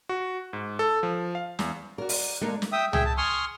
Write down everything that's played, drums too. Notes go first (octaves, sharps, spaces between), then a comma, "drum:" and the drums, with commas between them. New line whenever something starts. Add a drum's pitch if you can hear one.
F#4
G#2
A4
F3
F5
E2, drum: snare
F#4 A#4 D5
drum: open hi-hat
G#3 A#3 D4 D#4 A4 A#4
drum: snare
E5 G5 D#6
G#4 E5 G5, drum: tom
A5
G#5 C6 C#6 D#6 F6